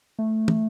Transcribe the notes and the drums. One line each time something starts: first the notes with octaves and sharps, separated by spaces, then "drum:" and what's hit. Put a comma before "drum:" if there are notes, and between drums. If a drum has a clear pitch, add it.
A3
drum: tom